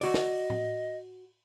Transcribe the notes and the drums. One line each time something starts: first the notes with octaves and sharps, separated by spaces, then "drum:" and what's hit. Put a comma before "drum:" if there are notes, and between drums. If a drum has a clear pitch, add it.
F#4 D5 D#5, drum: open hi-hat
drum: snare
drum: tom A2